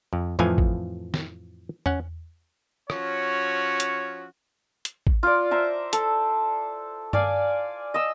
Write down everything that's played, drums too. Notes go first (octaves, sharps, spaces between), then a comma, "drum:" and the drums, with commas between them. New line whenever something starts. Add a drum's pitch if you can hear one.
F2
F2 A2 E3 F3 F5 G#5
drum: kick A1
drum: snare
C#4 F#5, drum: tom E2
F3 C#4 F#4 C#5, drum: rim click
drum: hi-hat
drum: hi-hat
drum: kick A1
F4 D5
C5 E5 A#5
A4, drum: hi-hat
D5 F5 G#5, drum: tom G2
D#5 E6